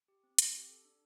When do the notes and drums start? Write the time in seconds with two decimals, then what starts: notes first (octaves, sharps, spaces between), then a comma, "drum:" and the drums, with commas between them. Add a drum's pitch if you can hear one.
0.08 G4
0.23 C4
0.38 C4, drum: hi-hat
0.54 G4
0.69 A4
0.85 D4